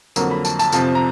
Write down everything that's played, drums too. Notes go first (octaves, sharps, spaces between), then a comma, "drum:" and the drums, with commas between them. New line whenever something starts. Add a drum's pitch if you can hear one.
F2 D3 F#3 A#3 A#5, drum: tambourine
B5
A5, drum: tambourine
A5, drum: tambourine
F2 C3 F3 A5, drum: tambourine
A#5